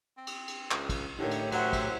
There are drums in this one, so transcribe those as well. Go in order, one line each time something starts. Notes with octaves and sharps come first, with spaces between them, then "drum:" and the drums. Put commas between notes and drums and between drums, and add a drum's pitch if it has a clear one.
C4
drum: cymbal
drum: cymbal
C#2, drum: clap
drum: kick, cymbal
A2 D3 D#4 E4 G4 A#4 C#5
drum: cymbal
F#3 C5 C#5 E5 F#5, drum: cymbal
drum: kick, cymbal